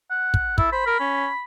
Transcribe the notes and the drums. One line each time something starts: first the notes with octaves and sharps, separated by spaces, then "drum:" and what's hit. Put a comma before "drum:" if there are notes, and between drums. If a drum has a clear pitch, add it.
F#5
drum: kick
E4 A4, drum: kick
C5 B5
A#4 B5
C#4